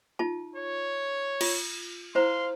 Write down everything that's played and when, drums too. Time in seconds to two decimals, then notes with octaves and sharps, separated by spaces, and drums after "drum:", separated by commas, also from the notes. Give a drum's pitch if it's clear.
0.19 D#4 F4 A5
0.56 C#5
1.41 F4, drum: cymbal
2.15 E4 C5 F5 A#5 C6